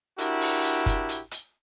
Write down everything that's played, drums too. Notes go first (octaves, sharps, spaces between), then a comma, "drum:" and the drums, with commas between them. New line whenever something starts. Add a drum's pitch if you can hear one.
D4 E4 F#4 G4 A#4, drum: hi-hat
drum: open hi-hat
drum: hi-hat
drum: kick F#1, hi-hat
drum: hi-hat
drum: hi-hat